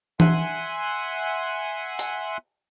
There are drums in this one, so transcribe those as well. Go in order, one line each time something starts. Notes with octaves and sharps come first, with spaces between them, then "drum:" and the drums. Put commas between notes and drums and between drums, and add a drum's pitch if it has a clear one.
E5 F#5 G#5 C6 F#6, drum: tom E3
drum: hi-hat